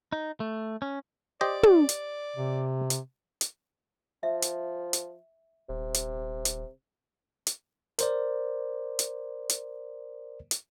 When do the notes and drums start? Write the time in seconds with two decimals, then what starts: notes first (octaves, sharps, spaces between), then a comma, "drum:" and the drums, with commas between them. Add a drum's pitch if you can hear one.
0.12 D#4
0.40 A3
0.82 C#4
1.41 G4 C5 D5 D#5
1.63 drum: tom
1.89 drum: hi-hat
2.36 C3
2.90 drum: hi-hat
3.41 drum: hi-hat
4.23 F3 E5
4.42 drum: hi-hat
4.93 drum: hi-hat
5.69 D#1 C3
5.94 drum: hi-hat
6.45 drum: hi-hat
7.47 drum: hi-hat
7.99 A#4 C5 D5, drum: hi-hat
8.99 drum: hi-hat
9.49 drum: hi-hat
10.51 drum: hi-hat